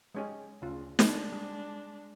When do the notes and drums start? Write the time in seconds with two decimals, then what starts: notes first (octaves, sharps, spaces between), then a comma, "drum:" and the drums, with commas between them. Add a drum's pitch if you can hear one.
0.15 G#3 C#4 G4
0.62 D2 C#3 F4
0.99 G#3 D4, drum: snare
1.32 G3